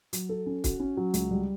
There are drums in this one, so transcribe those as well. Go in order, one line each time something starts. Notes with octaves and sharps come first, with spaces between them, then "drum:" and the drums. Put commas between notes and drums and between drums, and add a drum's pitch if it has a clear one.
F#3, drum: hi-hat
A4
C#4
F#4, drum: kick, hi-hat
C#4
F#3
C#2, drum: hi-hat
G3